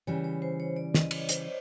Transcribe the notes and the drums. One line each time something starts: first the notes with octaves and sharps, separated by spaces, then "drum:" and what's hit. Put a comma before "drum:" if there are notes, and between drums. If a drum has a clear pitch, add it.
C#3 E3 G3 C#5
C#5
C5
C#5
D5
D#5, drum: snare
C#5, drum: cymbal
C5, drum: hi-hat